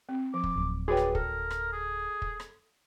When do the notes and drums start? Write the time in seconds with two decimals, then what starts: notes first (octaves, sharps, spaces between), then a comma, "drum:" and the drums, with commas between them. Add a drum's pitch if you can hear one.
0.09 C4
0.34 F3 D6
0.44 drum: kick
0.56 D1
0.88 F#4 G#4 B4 C#5 D5 G5
0.97 drum: rim click
1.15 A4 A#4, drum: kick
1.50 drum: rim click
1.72 G#4
2.22 drum: kick
2.40 drum: rim click